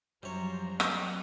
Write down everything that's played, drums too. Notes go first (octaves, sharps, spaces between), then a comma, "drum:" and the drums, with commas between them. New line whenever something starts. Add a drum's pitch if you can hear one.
F#2 F3 G3 C5 C#5 A#5
F#3 C4 D4 D#5 F#5, drum: rim click